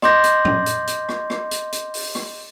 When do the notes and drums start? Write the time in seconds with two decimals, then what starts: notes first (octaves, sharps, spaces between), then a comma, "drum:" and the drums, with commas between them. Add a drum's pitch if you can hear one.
0.02 D#5 C6 D6 G6 A#6, drum: rim click
0.24 drum: hi-hat
0.45 drum: tom
0.66 drum: hi-hat
0.87 drum: hi-hat
1.09 drum: rim click
1.30 drum: rim click
1.51 drum: hi-hat
1.72 drum: hi-hat
1.94 drum: open hi-hat
2.15 drum: rim click